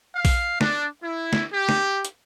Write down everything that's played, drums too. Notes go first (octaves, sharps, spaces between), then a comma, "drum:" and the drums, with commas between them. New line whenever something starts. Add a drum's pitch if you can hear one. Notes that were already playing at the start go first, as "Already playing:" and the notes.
F5
drum: kick A#1, open hi-hat
D4, drum: snare
E4
drum: snare
G4
drum: snare
drum: hi-hat